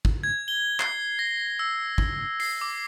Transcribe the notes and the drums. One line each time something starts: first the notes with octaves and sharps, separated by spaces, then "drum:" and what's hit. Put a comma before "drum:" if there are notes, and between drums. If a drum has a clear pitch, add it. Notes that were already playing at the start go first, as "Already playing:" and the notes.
drum: kick
G#6
G7
C7, drum: clap
A#6
E6
drum: kick
C7, drum: open hi-hat
D6